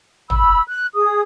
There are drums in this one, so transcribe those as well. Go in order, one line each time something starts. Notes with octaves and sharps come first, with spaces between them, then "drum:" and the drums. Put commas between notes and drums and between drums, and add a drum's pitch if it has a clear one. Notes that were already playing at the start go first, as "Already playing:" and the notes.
B5 E6, drum: tom
F#6
G#4 D#6